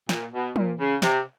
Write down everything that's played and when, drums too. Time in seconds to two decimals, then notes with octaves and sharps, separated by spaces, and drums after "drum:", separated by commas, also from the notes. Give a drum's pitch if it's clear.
0.09 A#2, drum: snare
0.33 B2
0.56 A#2, drum: tom
0.79 C#3
1.02 C3, drum: snare